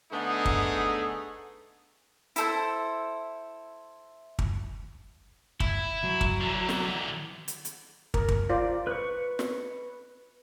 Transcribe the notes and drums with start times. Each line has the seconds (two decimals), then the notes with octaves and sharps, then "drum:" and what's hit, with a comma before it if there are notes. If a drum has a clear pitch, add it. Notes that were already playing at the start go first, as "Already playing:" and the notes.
0.12 D3 A3 B3 D#4 G#4
0.45 drum: kick
2.36 E4 A4 C5, drum: hi-hat
4.39 drum: kick
5.60 E4, drum: kick
6.03 F#3
6.21 drum: kick
6.41 D3 E3
6.69 drum: snare
7.48 drum: hi-hat
7.65 drum: hi-hat
8.14 A#4, drum: kick
8.28 drum: kick
8.49 F4 C5 D5
8.87 B4 C#6
9.39 drum: snare